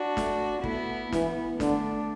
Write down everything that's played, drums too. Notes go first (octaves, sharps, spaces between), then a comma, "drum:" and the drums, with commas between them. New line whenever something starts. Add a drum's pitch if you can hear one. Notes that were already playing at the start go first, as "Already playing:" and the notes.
Already playing: D4 F#4
A3, drum: snare
A3 B3 E4, drum: kick
E3 B3, drum: snare
D3 A3 D4, drum: snare